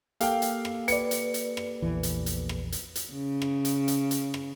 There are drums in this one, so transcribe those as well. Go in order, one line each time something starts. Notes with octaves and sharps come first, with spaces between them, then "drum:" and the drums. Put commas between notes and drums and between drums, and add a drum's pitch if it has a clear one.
A#3 G4 A4 F5 G5, drum: hi-hat
drum: hi-hat
drum: rim click
B4 D5 C#7, drum: hi-hat
drum: hi-hat
drum: hi-hat
drum: rim click
A#1 E2 E3
drum: hi-hat
drum: hi-hat
drum: rim click
drum: hi-hat
drum: hi-hat
C#3
drum: rim click
drum: hi-hat
drum: hi-hat
drum: hi-hat
drum: rim click